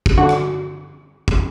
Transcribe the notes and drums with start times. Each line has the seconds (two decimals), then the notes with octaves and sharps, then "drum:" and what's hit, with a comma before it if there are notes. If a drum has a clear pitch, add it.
0.06 drum: kick
0.18 D3 F#4
0.29 drum: rim click
1.28 drum: kick